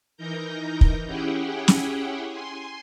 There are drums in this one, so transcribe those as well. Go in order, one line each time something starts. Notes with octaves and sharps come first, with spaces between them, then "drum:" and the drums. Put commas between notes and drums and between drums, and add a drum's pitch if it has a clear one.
E3 D#4 A#4 A#5 G6
drum: kick
C#4 E4 G4 G#4 F#5 G5
drum: snare
G#5 C6